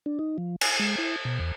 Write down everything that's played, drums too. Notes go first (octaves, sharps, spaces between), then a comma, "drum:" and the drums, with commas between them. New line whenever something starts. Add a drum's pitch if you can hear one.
D4
D#4
F3
G#5, drum: cymbal
G#3
E4
B2
E2